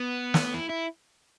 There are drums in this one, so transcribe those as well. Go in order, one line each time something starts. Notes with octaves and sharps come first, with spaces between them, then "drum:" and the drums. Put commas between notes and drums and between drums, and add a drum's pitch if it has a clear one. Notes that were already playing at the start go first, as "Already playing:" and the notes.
Already playing: B3
drum: snare
E4
E4